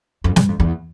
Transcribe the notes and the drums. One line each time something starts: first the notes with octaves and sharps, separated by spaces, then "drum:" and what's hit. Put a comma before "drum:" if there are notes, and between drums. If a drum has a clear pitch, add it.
F2
G2, drum: snare
F2
E2